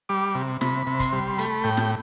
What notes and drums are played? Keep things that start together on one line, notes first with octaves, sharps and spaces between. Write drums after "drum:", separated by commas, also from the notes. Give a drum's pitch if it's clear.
G3 D6
C3
C3 B5, drum: snare
C3
C6, drum: kick, hi-hat
G3
A3 B5, drum: hi-hat
A2 G5
drum: snare